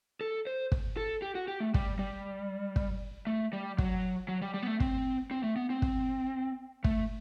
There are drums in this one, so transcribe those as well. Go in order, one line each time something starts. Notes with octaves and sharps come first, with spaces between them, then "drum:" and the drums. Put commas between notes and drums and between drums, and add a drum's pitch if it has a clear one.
A4
C5
drum: kick
A4
G4
F#4
G4
A3
G3, drum: kick
G3
drum: kick
A3
G3
F#3, drum: kick
F#3
G3
G3
B3
A3
C4, drum: kick
C4
A3
B3
C4
drum: kick
A3, drum: kick